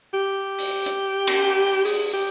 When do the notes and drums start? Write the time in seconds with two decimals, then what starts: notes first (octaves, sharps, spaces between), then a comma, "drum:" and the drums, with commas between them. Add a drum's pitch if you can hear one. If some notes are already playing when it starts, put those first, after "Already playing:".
0.14 G4
0.59 drum: open hi-hat
0.86 drum: hi-hat
1.27 drum: cymbal
1.85 G#4, drum: open hi-hat
2.14 G4